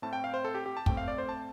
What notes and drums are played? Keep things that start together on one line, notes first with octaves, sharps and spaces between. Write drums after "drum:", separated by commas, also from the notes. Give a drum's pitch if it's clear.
A2 A3 C4 A5
G5
F5
C5
A4
G4
G4
A5
A2 A3 C4 G5, drum: kick
F5
D5
C5
A5